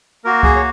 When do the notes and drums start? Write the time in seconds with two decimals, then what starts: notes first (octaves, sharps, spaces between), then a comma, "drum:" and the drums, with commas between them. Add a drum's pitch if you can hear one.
0.25 A#3 F#4 A#4
0.43 G#4, drum: kick C#2
0.56 C#5